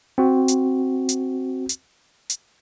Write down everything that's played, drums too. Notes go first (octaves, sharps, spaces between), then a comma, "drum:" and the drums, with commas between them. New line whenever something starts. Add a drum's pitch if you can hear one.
C4 F#4
drum: hi-hat
drum: hi-hat
drum: hi-hat
drum: hi-hat